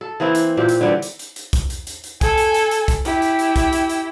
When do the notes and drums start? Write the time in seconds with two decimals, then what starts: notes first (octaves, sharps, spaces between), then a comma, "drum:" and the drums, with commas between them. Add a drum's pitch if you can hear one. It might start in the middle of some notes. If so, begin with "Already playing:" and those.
0.01 A4
0.20 E3 A#3 C4 E4
0.35 drum: hi-hat
0.57 A#2 C4 G4
0.69 drum: hi-hat
0.81 D3 E3 G3
1.02 drum: hi-hat
1.19 drum: hi-hat
1.36 drum: hi-hat
1.53 drum: kick B1, hi-hat
1.70 drum: hi-hat
1.87 drum: hi-hat
2.04 drum: hi-hat
2.21 A4 G#5, drum: kick B1, hi-hat
2.37 drum: hi-hat
2.54 drum: hi-hat
2.71 drum: hi-hat
2.88 drum: kick B1, hi-hat
3.05 E4 G4, drum: hi-hat
3.22 drum: hi-hat
3.39 drum: hi-hat
3.56 drum: kick B1, hi-hat
3.73 drum: hi-hat
3.89 drum: hi-hat